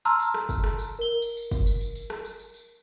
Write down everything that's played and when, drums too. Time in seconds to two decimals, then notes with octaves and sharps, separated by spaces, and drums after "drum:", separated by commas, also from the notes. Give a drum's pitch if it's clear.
0.05 A5 A#5 C6 E6 F6, drum: tambourine
0.20 drum: tambourine
0.34 drum: rim click
0.49 drum: kick, tambourine
0.64 drum: rim click
0.78 drum: tambourine
0.99 A#4 G7
1.22 drum: tambourine
1.37 drum: tambourine
1.51 drum: kick, tambourine
1.66 drum: tambourine
1.81 drum: tambourine
1.95 drum: tambourine
2.10 drum: rim click
2.25 drum: tambourine
2.39 drum: tambourine
2.54 drum: tambourine